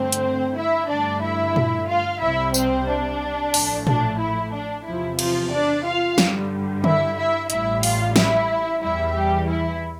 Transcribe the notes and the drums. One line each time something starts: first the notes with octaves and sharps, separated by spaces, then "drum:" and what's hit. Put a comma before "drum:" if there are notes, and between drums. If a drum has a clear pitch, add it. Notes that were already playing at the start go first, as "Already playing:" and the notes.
Already playing: G2 D3 A3 C4 C5
drum: hi-hat
E4 E5
G2 D3 A3 D4 D5
E4 E5
drum: tom A#2
F4 F5
C2 C3 G3 E4 E5
C4 C5, drum: tambourine
D4
A1 A2 F3 A3, drum: open hi-hat
D4, drum: tom A#2
E4
D4
E2 C3 F3 E4
F3 F4, drum: cymbal
D4 D5
F4 F5
G2 D3 G3, drum: snare
E4 E5, drum: tom D3
E4 E5
A1 A2 G3 E4 E5, drum: hi-hat
F4 F5, drum: open hi-hat
E4 E5, drum: snare
E2 E3 G3 E4 E5
G3 G4
E4